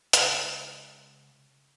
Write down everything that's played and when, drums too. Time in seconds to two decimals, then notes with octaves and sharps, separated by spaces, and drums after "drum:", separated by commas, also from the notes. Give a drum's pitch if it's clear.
0.13 C#3 G#3 A#5, drum: hi-hat